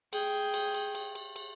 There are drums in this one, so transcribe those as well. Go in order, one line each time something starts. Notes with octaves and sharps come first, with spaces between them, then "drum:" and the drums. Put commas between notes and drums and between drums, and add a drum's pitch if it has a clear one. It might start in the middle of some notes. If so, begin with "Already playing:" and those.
G#4 G5, drum: cymbal
drum: cymbal
drum: cymbal
drum: cymbal
drum: cymbal
drum: cymbal